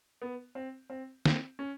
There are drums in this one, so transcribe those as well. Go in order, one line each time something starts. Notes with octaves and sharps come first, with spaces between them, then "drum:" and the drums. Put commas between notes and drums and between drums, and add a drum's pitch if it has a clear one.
B3
C4
C4
C4, drum: snare
C#4